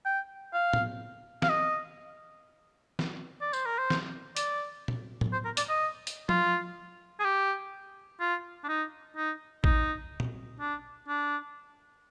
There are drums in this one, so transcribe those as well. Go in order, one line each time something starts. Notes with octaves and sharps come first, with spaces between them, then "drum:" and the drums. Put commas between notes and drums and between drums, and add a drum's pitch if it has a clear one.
G5
F5
drum: tom
F5, drum: snare
D#5
drum: snare
D5
C5, drum: tambourine
A#4
C5
drum: snare
D5, drum: hi-hat
drum: tom A#2
drum: tom A2
C5
A#4
D5, drum: hi-hat
D#5
drum: hi-hat
F4, drum: tom F3
G#4
G4
F4
D4
D#4
D#4
D#4, drum: kick A1
drum: tom A#2
D4
D4